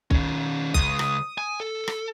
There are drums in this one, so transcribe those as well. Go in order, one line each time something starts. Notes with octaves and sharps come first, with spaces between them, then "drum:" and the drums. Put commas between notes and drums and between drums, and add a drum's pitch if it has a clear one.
D#3 C#4, drum: kick
C#2 D#6, drum: kick
drum: rim click
G#5
A4
drum: rim click